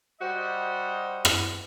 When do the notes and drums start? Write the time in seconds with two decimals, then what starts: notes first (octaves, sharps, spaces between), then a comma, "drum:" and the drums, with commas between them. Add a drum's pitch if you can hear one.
0.21 G3 F#4 C5 D#5
1.25 drum: rim click